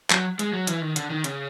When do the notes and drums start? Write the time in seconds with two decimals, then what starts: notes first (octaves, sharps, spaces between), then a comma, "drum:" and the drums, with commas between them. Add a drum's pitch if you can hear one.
0.10 F#3, drum: clap
0.39 G#3, drum: hi-hat
0.53 F#3
0.67 E3, drum: hi-hat
0.82 D#3
0.96 D3, drum: hi-hat
1.10 D#3
1.24 C#3, drum: hi-hat